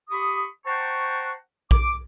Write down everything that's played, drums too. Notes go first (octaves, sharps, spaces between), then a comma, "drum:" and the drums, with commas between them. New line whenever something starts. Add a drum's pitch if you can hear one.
G4 B5 C#6 D#6
C5 F#5 G5 A5 A#5 C#6
D6, drum: kick